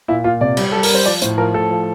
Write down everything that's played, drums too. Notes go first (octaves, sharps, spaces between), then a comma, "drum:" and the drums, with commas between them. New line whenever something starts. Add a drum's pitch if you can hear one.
A#2 E4
A#2 F4
C3 D5
G3, drum: cymbal
G3 A4
A#4, drum: open hi-hat
G3
C5
F3 D5
A2 C5, drum: hi-hat
F3 A#4
A2 A4
F3